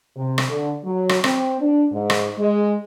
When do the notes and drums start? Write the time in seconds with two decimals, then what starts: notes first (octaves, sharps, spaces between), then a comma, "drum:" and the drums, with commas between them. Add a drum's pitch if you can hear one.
0.17 C3
0.38 drum: rim click
0.48 D3
0.84 F#3
1.09 drum: rim click
1.24 C4, drum: rim click
1.61 D4
1.91 G#2
2.10 drum: rim click
2.38 G#3